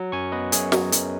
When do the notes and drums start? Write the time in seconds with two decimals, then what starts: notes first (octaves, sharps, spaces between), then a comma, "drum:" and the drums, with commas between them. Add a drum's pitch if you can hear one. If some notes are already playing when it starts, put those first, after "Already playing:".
Already playing: F#3
0.12 F#2 G#5 C#6
0.32 B3 B4 D#5
0.52 F#2 G#4 C#5, drum: hi-hat
0.72 F#3, drum: snare
0.92 F#2, drum: hi-hat